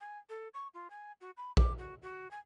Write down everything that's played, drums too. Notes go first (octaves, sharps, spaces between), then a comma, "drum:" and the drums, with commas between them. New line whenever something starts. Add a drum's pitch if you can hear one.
G#5
A4
C#6
F4
G#5
F#4
B5
D6, drum: kick A#1
F#4
F#4
G#5